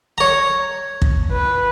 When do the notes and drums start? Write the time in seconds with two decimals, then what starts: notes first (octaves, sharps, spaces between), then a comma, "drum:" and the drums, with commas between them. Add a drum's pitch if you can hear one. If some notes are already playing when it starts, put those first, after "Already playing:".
0.18 C#5 A#5
1.02 drum: kick
1.32 B4